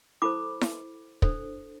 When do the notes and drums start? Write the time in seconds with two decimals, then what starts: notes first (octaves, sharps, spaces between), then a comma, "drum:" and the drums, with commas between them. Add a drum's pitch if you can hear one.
0.22 E4 A4 C5 B5 D6
0.61 drum: snare E4
1.22 D4 A4 C5, drum: kick